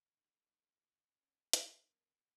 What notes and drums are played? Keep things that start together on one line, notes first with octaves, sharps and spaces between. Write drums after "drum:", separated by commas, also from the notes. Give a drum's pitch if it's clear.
A3 D#4
C#4
B3 D4 A#4, drum: hi-hat